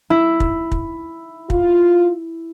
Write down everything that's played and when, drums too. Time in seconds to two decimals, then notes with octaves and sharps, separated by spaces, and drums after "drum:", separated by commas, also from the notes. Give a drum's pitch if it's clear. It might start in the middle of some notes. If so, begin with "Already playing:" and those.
0.10 E4
0.40 drum: kick
0.72 drum: kick
1.50 F4, drum: kick